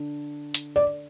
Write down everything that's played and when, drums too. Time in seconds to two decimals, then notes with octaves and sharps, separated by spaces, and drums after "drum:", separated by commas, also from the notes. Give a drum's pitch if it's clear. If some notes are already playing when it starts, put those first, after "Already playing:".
Already playing: D3
0.54 drum: hi-hat
0.76 D5